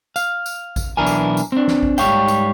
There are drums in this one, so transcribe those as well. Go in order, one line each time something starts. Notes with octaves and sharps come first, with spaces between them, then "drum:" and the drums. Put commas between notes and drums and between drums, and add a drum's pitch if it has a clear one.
F5, drum: tambourine
drum: tambourine
drum: kick A1, tambourine
B1 E3 D4 E4 A#4 G#5
drum: tambourine
drum: tambourine
C4 D4
drum: snare
drum: kick A1
G#2 F3 G3 C#5 F5 G5, drum: tambourine
drum: tambourine